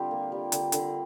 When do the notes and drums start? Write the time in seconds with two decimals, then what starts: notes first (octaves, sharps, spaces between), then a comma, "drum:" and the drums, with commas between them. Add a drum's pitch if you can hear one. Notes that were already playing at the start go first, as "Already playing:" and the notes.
Already playing: D3 G3 C4 F4 G4
0.11 A#3
0.32 G3
0.52 D3, drum: hi-hat
0.72 D3, drum: hi-hat